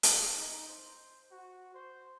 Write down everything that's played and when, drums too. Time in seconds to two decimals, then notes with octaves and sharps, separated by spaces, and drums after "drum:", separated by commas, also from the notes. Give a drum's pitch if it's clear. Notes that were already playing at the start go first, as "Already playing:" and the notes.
0.03 drum: hi-hat
0.37 D#4
0.69 C5
1.31 F#4
1.74 C5